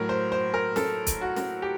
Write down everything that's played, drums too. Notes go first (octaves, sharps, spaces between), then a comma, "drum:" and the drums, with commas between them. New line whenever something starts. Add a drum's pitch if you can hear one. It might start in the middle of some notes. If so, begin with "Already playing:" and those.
Already playing: A2 F#3 A#4
C5
C5
A#4
A4, drum: snare
drum: kick, hi-hat
F#4
drum: snare
G4